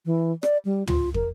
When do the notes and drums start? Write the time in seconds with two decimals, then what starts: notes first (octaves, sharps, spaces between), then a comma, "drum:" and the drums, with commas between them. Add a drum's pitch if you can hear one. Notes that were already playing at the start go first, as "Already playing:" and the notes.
0.06 E3
0.43 D5, drum: rim click
0.65 G3
0.87 F4, drum: tom
1.14 A#4, drum: kick